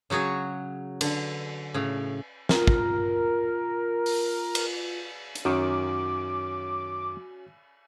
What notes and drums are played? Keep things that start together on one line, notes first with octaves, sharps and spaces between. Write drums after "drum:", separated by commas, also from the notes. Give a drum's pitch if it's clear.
C#3 F#3 F#4 G#4 C#5
D3, drum: cymbal
A2 C#3
F4 A#4, drum: snare
drum: kick
drum: open hi-hat
drum: cymbal
drum: hi-hat
F#2 D#3 C#4 F#4 D6